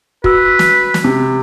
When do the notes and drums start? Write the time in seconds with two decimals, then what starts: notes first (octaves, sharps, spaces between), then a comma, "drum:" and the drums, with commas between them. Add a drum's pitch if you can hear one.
0.24 F#4 B4 E6, drum: kick
0.59 drum: snare
0.94 drum: snare
1.04 C3